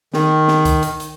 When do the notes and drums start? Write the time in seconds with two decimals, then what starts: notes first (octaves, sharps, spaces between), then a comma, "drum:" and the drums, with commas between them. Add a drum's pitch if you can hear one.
0.14 D#3, drum: snare
0.48 drum: snare
0.65 drum: kick C2, hi-hat
0.83 drum: hi-hat
1.00 drum: hi-hat